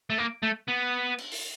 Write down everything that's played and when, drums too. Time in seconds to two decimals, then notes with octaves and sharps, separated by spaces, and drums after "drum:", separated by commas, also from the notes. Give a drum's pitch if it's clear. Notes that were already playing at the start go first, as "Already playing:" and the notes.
0.10 A3
0.18 A#3
0.43 A3
0.68 B3
1.18 drum: cymbal
1.32 drum: open hi-hat